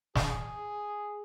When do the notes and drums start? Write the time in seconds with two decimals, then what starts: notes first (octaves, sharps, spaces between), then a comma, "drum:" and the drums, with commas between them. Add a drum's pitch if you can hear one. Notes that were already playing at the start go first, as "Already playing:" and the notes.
0.16 G#4, drum: snare